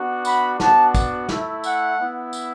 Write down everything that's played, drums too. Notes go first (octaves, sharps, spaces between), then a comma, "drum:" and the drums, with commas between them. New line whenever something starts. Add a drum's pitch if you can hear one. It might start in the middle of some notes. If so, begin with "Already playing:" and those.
Already playing: B3 D4 F#4
B5, drum: tambourine
B3 D4 F#4 A5, drum: snare
drum: kick, tambourine
A3 E4, drum: snare
F#5, drum: tambourine
B3 E4
drum: tambourine